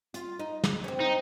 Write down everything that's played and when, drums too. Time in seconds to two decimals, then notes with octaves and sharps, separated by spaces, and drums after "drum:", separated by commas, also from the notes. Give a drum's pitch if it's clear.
0.14 F4, drum: hi-hat
0.39 D#4
0.64 drum: snare
0.84 C#4
0.88 C4
1.01 D#4